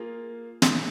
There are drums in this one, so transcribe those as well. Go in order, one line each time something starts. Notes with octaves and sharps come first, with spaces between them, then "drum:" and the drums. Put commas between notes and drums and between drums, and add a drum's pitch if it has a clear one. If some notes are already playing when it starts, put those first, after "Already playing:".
Already playing: A#3 F4 G#4
A#2 G#3 D#4, drum: snare